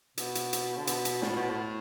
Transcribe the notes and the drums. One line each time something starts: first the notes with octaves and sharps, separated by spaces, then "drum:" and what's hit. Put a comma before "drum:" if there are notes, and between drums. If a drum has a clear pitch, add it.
B2, drum: hi-hat
drum: hi-hat
drum: hi-hat
D3
B2, drum: hi-hat
drum: hi-hat
A2, drum: snare
B2
A2